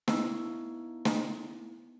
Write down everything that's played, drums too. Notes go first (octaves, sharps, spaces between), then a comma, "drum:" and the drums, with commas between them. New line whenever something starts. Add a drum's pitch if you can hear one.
B3 D#4 E4, drum: snare
drum: snare